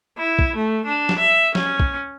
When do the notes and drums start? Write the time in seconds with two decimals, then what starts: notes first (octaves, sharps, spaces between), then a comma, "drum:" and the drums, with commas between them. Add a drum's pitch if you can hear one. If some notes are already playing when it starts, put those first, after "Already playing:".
0.18 E4
0.39 drum: kick
0.55 A3
0.86 D4
1.09 drum: snare
1.18 E5
1.55 C#4, drum: snare
1.80 drum: kick